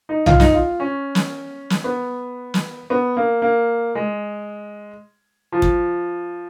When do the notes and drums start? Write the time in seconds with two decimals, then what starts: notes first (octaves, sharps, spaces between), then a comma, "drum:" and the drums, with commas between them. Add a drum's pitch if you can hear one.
0.09 D#4
0.26 F4, drum: tom B1
0.40 D#4, drum: snare
0.54 F4
0.80 C#4
1.15 drum: snare
1.70 drum: snare
1.84 B3
2.54 drum: snare
2.90 B3
3.17 A#3
3.42 A#3
3.95 G#3
5.52 F3
5.62 drum: kick